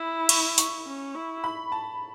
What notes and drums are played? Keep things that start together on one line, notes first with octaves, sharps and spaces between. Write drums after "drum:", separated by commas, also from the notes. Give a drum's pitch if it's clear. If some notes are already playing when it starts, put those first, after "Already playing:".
Already playing: E4 B5
C#6, drum: cymbal
C#6, drum: hi-hat
C#4
E4
B5
A5